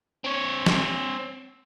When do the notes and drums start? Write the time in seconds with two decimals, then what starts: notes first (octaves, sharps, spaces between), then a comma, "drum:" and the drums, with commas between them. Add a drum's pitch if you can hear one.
0.24 C4 C#5
0.66 drum: snare